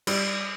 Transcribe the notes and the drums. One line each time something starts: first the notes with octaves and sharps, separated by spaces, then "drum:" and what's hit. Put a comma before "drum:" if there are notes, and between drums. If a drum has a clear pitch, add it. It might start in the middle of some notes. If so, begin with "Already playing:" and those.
G3, drum: cymbal